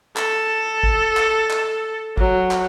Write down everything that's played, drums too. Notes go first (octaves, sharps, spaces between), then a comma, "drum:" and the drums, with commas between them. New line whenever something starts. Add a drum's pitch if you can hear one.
A4, drum: clap
drum: kick
drum: clap
drum: clap
F#3, drum: kick
drum: clap